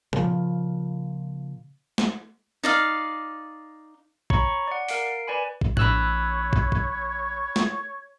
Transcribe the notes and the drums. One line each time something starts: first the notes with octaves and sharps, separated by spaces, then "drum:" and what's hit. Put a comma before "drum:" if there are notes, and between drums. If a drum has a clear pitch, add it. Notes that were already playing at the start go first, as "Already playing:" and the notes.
A#2 C#3 F3, drum: tom
drum: snare
D#4 D5 F5
C#5 A#5 B5 C#6 C#7, drum: kick
D5 F#5
A#4 F5 C7 D7, drum: open hi-hat
B4 D5 G#5 B5
drum: kick
A#1 C#5 B5 E6 F#6, drum: tom
drum: kick
drum: kick
drum: snare